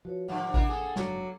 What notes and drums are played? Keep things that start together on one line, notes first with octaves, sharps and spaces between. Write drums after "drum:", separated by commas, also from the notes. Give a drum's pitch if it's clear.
F3 F#4 B4 C#5
A2 D3 F3 G3 F#5
A1 D4 E4 A#4, drum: kick A1
A#3 G#4 A4
F#1 G#2 D3 F#3 D6, drum: snare